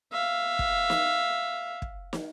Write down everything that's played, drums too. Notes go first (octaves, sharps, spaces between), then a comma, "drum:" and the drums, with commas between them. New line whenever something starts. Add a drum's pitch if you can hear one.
E5 F5
drum: kick
drum: snare
drum: kick
drum: snare